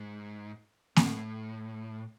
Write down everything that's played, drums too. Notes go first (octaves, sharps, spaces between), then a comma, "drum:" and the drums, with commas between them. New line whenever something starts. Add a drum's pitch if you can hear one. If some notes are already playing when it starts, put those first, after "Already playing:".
Already playing: G#2
A2, drum: snare A#3